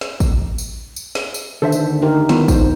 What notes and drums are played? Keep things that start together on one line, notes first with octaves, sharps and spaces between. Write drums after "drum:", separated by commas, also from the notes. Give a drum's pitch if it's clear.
drum: snare
drum: kick, tambourine
drum: tambourine
drum: tambourine
drum: snare
drum: tambourine
D3 D#3 D4 A4 C5 E5
drum: tambourine
D2
D#4 G4 A#4
D#3 B3 E4 F4, drum: snare
D#4 C5, drum: kick, tambourine